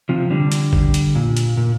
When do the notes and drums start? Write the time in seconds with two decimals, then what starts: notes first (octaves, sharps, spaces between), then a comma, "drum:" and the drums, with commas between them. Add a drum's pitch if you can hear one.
0.09 C3 F3
0.30 D3 G3
0.52 drum: hi-hat
0.73 drum: kick G#1
0.94 drum: hi-hat
1.15 A#2
1.37 drum: hi-hat
1.57 A#2